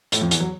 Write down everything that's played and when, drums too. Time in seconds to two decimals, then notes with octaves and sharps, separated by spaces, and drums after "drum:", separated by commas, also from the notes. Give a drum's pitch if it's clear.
0.12 A2 A3, drum: hi-hat
0.21 F2 F3
0.31 E2 E3, drum: hi-hat
0.41 F#3